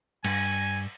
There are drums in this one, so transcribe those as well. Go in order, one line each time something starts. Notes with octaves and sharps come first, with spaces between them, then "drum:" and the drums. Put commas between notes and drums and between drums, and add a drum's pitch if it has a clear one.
G2 G#5, drum: cymbal